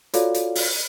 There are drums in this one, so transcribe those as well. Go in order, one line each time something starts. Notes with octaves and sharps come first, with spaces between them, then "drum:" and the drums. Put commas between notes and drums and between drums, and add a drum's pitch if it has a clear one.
F4 F#4 A4 C#5 D5 F5, drum: hi-hat
drum: hi-hat
drum: open hi-hat